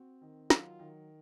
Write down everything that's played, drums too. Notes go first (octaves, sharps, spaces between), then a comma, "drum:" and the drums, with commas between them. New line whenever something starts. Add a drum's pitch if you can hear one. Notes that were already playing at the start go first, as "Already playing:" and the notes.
Already playing: C4 F#4
D#3
F#3 F4, drum: snare
D#3